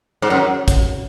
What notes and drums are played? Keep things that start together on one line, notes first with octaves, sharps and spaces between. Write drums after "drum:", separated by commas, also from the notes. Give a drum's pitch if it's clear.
G#2
F#2
drum: kick, hi-hat